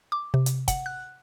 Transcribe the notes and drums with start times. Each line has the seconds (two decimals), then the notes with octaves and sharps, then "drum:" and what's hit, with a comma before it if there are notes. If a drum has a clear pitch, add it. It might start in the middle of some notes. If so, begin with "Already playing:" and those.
0.12 D6
0.34 C3
0.46 drum: hi-hat
0.68 F#5, drum: kick, hi-hat
0.86 F#6